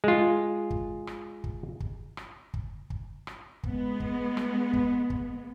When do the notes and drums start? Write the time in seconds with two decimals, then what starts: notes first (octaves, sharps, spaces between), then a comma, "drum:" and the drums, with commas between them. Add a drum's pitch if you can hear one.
0.04 G#3 F4
0.71 drum: kick
1.07 drum: rim click
1.44 drum: kick
1.81 drum: kick
2.17 drum: rim click
2.54 drum: kick
2.90 drum: kick
3.27 drum: rim click
3.64 G#3 B3, drum: kick
4.00 drum: kick
4.37 drum: rim click
4.74 drum: kick
5.10 drum: kick